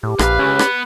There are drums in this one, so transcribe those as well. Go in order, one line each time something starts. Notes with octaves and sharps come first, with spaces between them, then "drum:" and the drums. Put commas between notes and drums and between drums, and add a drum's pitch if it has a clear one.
A2 G4
A#1 B4 F5, drum: rim click
C#2 C#4
B3, drum: rim click